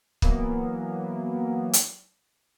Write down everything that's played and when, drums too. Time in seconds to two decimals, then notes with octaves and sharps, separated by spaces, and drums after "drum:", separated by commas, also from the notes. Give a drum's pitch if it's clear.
0.22 E3 F#3 A#3 B3, drum: kick
1.73 drum: hi-hat